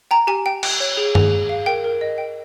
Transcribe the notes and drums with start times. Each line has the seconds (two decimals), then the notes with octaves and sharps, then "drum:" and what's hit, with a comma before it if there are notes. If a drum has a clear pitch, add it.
0.11 G5 A#5
0.27 G4 G#5
0.46 G5
0.63 G5, drum: cymbal
0.80 C#5
0.97 G#4
1.15 G#4, drum: tom G2
1.31 G#4
1.49 F5
1.66 A#4 G5
1.84 A#4
2.01 D#5
2.18 G5